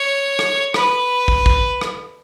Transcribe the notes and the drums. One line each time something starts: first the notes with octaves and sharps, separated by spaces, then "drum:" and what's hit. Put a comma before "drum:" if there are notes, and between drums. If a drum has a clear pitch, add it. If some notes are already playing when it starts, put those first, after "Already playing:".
Already playing: C#5
drum: rim click
B4, drum: rim click
drum: kick
drum: kick
drum: rim click